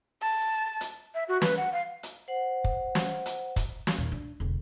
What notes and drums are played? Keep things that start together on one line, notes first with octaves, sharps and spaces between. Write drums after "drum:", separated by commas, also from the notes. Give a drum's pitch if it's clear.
A5
drum: hi-hat
E5
F#4
B4, drum: snare
F#5
F5
drum: hi-hat
C5 F#5
drum: kick
drum: snare
drum: hi-hat
drum: kick, hi-hat
drum: snare
D#2 A#2
D4
E1 D3